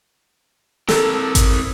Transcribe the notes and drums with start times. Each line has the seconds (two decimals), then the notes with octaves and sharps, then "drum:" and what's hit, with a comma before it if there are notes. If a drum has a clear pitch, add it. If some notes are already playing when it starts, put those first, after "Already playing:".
0.88 C4 A4 A#4, drum: snare
1.35 drum: kick G#1, hi-hat